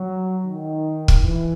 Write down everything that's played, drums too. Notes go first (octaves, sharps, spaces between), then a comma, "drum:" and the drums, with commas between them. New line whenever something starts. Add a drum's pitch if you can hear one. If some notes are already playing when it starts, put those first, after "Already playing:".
Already playing: F#3
D#3
drum: kick
E3